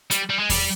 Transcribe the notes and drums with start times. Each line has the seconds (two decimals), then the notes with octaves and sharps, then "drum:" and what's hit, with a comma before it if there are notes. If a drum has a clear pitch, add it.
0.11 G3, drum: hi-hat
0.30 G3
0.39 G#3
0.50 G3, drum: kick E2, open hi-hat